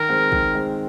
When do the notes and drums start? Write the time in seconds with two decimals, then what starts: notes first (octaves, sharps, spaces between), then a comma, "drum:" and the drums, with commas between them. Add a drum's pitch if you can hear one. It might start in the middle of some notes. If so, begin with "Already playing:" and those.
Already playing: D#3 A#4
0.09 G#3 C4
0.32 D#3, drum: kick
0.54 G#3 C4